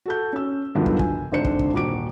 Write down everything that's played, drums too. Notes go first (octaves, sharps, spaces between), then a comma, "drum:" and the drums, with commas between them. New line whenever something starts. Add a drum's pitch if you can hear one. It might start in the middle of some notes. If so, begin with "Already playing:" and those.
F#4 A4 G6
C#4 E6
G2 D3 D#3 F3 F#3 B3
drum: kick
G#5, drum: kick
G#1 D3 D4 C5 C#7
drum: kick
drum: kick
D#1 F#4 D6 D7